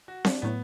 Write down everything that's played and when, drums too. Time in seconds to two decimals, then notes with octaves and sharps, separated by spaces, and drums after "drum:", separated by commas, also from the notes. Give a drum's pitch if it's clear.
0.08 F#4
0.25 D4, drum: snare C4
0.42 A2 F#3 A3 B3